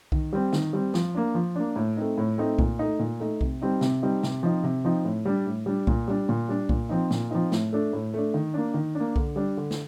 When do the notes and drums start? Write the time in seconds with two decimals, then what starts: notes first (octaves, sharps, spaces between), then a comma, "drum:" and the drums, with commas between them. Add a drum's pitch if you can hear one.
0.12 D#3, drum: kick B1
0.33 G3 C4
0.53 D#3, drum: snare
0.73 G3 C4
0.94 F3, drum: snare
1.15 A#3 D4
1.35 F3
1.56 A#3 D4
1.76 A2
1.97 A3 C4 D#4
2.18 A2
2.38 A3 C4 D#4
2.59 A#2, drum: kick B1
2.79 A3 D#4
2.99 A#2
3.20 A3 D#4
3.41 C3, drum: kick B1
3.62 G3 C4 D#4
3.81 C3, drum: snare
4.02 G3 C4 D#4
4.23 C3, drum: snare
4.43 F3 C4 D#4
4.64 C3
4.84 F3 C4 D#4
5.05 A2
5.25 G3 D4
5.46 A2
5.66 G3 D4
5.87 A#2, drum: kick B1
6.08 G3 D4
6.29 A#2
6.49 G3 D4
6.69 A#2, drum: kick B1
6.89 F3 C4 D#4
7.11 A#2, drum: snare
7.31 F3 C4 D#4
7.52 A2, drum: snare
7.73 A3 D4
7.93 A2
8.14 A3 D4
8.34 D#3
8.54 A#3 D4
8.74 D#3
8.95 D4
9.00 A#3
9.16 D3, drum: kick B1
9.36 G3 D4
9.57 D3
9.71 drum: snare